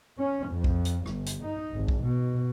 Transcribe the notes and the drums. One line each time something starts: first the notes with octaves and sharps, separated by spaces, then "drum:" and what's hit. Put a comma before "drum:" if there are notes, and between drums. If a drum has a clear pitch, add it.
C#4
F2
drum: kick B1
drum: hi-hat
G1, drum: rim click
drum: hi-hat
D#4
G#1
drum: kick B1
B2